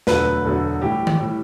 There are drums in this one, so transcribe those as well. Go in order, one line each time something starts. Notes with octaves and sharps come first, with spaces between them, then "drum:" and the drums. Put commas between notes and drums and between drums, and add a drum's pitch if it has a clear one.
E1 D2 D3 F#3 A3 B4, drum: snare
E1 D2 D3 F#3 A3
A2 E3 G3 G4
drum: tom D#3
A2 E3 G3